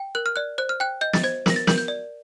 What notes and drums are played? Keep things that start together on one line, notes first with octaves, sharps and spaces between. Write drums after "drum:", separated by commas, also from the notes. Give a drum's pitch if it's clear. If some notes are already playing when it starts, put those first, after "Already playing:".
Already playing: G5
A#4 F#6
F6
D5 F#6
C5 F#6
F6
G5 F#6
D#5 G6
A6, drum: snare
C5 G#6
A#4 A#6, drum: snare
A6
A#4 G6, drum: snare
G6
D5